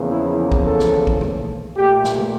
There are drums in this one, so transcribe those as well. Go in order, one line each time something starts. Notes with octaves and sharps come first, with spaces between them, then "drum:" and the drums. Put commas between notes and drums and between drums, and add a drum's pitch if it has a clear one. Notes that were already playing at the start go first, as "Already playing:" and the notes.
Already playing: E2 C#3 F3 A#3
E4
drum: kick
A4
drum: snare
drum: tom D#3
drum: kick
drum: tom B2
A#2 A3 G4
drum: snare
drum: tom